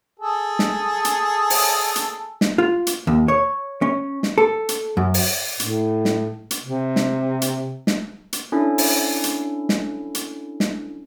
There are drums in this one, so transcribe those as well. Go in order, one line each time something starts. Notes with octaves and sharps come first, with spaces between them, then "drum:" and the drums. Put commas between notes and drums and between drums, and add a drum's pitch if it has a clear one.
G#4 A4
drum: snare
drum: hi-hat
drum: open hi-hat
drum: hi-hat
drum: snare
F4
drum: hi-hat
D#2
C#5
C#4
drum: snare
A4
drum: hi-hat
F#2
drum: open hi-hat
A2, drum: hi-hat
drum: snare
drum: hi-hat
C3
drum: snare
drum: hi-hat
drum: snare
drum: hi-hat
C#4 D4 E4 A4
drum: open hi-hat
drum: hi-hat
drum: snare
drum: hi-hat
drum: snare